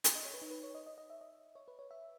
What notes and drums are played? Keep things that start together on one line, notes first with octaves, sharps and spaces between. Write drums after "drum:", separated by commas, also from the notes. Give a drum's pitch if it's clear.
drum: hi-hat
D#5
C#5
B4
D#4
B4
C#5
D#5
D#5
D#5
E5
D#5
C#5
B4
C#5
E5